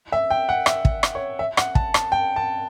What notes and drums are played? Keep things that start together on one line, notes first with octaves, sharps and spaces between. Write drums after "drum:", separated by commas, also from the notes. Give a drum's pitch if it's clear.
E5
G5
F#5
E5, drum: rim click
drum: kick
drum: rim click
C#5
E5
F#5, drum: rim click
A5, drum: kick
A5, drum: rim click
G5
A5